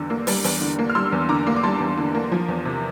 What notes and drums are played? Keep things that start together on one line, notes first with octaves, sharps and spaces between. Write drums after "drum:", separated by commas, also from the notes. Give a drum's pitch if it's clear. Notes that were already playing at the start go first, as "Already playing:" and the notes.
Already playing: E2 D3 G3 E6
A#3
G3, drum: open hi-hat
E2, drum: open hi-hat
D3
A#3
F6
G3 C6 E6
E2
D3 A#5 D6
A#3
D6
G3 A5 C6
E2
D3
A#3
F3
E2
C3